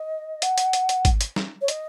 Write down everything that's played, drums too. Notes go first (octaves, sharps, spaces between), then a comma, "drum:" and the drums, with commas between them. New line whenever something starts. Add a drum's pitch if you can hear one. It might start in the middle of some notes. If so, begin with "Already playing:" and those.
Already playing: D#5
F#5, drum: hi-hat
drum: hi-hat
drum: hi-hat
drum: hi-hat
drum: kick, hi-hat
drum: hi-hat
drum: snare
C#5
D#5, drum: hi-hat